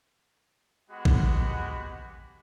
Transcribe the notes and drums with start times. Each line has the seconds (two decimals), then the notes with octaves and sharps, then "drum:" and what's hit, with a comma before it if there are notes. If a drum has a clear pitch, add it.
0.90 G#3 B3 F#4 G4 F#5 B5
1.05 drum: kick A1